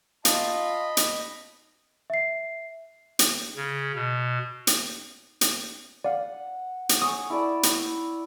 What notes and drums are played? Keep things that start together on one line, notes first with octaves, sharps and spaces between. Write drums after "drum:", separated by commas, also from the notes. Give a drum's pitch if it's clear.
F4 D#5 A5 B5, drum: hi-hat
drum: hi-hat
E5 C7
drum: hi-hat
C#3
B2
drum: hi-hat
drum: hi-hat
D5 F5 F#5
drum: hi-hat
C#5 G#5 D#6
E4 D5 A5
drum: hi-hat